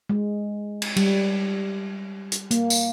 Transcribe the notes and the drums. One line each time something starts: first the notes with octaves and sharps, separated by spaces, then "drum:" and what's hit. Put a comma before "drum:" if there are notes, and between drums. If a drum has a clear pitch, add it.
G#3
drum: cymbal
G3, drum: cymbal
drum: hi-hat
A#3, drum: hi-hat
drum: tambourine